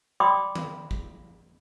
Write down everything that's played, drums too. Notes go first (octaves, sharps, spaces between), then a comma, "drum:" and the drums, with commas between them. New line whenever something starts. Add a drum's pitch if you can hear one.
D5 G5 B5 C6 D6 D#6
drum: tom D#3
drum: kick